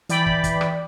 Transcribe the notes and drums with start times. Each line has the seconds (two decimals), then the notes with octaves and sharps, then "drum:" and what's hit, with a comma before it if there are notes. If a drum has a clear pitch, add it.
0.09 E3 D5 G5 B5, drum: hi-hat
0.27 drum: kick
0.44 drum: kick, hi-hat
0.61 drum: rim click